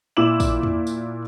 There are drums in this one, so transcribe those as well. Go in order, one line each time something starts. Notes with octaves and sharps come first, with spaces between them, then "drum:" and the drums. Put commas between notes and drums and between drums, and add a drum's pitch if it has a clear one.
A#2 E4 D6 E7 F#7
drum: kick, tambourine
drum: tom E2
drum: tambourine